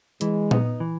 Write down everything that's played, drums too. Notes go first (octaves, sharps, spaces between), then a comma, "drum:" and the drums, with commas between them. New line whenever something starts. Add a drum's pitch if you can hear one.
E3 G#3, drum: hi-hat
B3 D#4, drum: tom A#2
E3